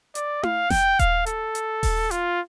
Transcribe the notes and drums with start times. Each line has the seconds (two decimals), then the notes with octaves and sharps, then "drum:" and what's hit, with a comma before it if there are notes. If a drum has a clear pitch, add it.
0.15 D5, drum: hi-hat
0.43 F5, drum: tom E4
0.70 G5, drum: snare F1
0.99 F5, drum: kick D#1, hi-hat
1.26 A4, drum: hi-hat
1.55 drum: hi-hat
1.83 drum: kick D#1, open hi-hat
2.11 F4, drum: hi-hat